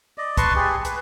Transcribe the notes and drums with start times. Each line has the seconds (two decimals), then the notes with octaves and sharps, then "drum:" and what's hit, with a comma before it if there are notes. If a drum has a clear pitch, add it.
0.18 D5 D#5
0.37 B4 A5 C6 C#6, drum: kick, hi-hat
0.56 G4 G#4
0.85 B4, drum: hi-hat